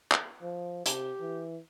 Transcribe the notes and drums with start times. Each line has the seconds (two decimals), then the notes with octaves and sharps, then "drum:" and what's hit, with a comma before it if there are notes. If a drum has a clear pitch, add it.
0.12 drum: clap
0.42 F3
0.86 C3 G4, drum: hi-hat
1.20 E3